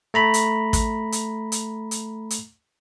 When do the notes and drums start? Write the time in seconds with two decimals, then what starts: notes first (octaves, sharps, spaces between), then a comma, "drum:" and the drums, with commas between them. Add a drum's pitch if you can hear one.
0.14 A3 A#5 B5
0.34 drum: hi-hat
0.73 drum: kick, hi-hat
1.12 drum: hi-hat
1.52 drum: hi-hat
1.91 drum: hi-hat
2.30 drum: hi-hat